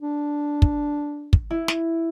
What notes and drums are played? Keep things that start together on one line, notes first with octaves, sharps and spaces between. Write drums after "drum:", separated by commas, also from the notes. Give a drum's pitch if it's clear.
D4
drum: kick
drum: kick
E4
drum: snare